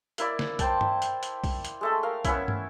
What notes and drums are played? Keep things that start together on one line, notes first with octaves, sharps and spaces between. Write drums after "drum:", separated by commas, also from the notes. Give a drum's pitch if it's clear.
A#3 E4 D5, drum: hi-hat
drum: snare
C5 G5 A5, drum: kick, hi-hat
drum: tom G2
drum: hi-hat
drum: hi-hat
drum: kick, open hi-hat
drum: hi-hat
G#3 A3 A4
A#4 F5
B3 C#4 E4, drum: kick, hi-hat
drum: tom